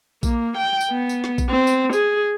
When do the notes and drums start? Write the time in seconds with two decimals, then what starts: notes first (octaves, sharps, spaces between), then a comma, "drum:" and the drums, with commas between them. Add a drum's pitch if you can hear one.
0.23 A#3, drum: kick A#1, tambourine
0.57 G5
0.81 drum: tambourine
0.91 B3
1.09 drum: tambourine
1.24 drum: snare
1.38 drum: kick A#1, tambourine
1.50 C4
1.67 drum: tambourine
1.93 G#4, drum: tambourine